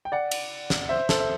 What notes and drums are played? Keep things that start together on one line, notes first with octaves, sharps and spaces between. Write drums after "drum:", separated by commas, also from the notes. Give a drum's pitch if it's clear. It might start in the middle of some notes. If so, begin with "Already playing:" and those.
G5
D5 F#5
drum: cymbal
drum: snare
C5 E5
A4 C5, drum: snare
E5